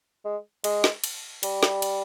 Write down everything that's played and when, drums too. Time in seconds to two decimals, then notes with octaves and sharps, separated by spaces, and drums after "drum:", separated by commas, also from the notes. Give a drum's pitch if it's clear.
0.25 G#3
0.64 G#3, drum: cymbal
0.84 drum: snare
1.04 drum: cymbal
1.43 G3, drum: cymbal
1.63 drum: snare
1.82 drum: cymbal